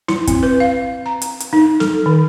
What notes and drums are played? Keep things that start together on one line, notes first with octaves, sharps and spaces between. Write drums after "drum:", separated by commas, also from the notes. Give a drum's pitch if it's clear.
E4, drum: snare
C4, drum: kick, hi-hat
B4
F5
A#5
drum: hi-hat
drum: hi-hat
D#4
A4, drum: snare
D#3